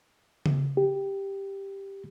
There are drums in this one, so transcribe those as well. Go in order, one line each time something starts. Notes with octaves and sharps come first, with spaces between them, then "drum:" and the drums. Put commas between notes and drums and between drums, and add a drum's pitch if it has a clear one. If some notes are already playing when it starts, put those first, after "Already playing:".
drum: tom C#3
G4